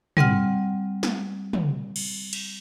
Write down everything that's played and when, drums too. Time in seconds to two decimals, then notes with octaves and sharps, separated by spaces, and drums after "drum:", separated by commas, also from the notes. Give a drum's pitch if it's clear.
0.17 G3 C4 F#5 F6, drum: tom
1.03 drum: snare
1.53 drum: tom
1.96 drum: cymbal
2.33 drum: cymbal